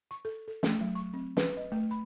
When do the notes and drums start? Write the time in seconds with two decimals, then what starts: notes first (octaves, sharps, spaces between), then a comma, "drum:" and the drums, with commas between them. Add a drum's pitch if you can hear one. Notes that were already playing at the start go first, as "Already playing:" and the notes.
0.11 C#6
0.25 A4
0.48 A4
0.63 A3, drum: snare
0.81 F#3
0.95 C#6
1.14 C4
1.37 B4, drum: snare
1.57 D#5
1.72 A3
1.91 B5